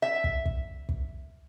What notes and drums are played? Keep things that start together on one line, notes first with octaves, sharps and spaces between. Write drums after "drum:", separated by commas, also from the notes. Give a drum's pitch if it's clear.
E5
drum: kick
drum: kick
drum: kick